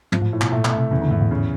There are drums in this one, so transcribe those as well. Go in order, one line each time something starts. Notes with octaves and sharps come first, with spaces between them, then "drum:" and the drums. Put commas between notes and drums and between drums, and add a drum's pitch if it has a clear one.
G#2 F3, drum: tom
A2
A2
B2, drum: clap
A#2 A3
B2, drum: clap
A3
C3
E2 C#3
D3
E2 G#2
A2
C#3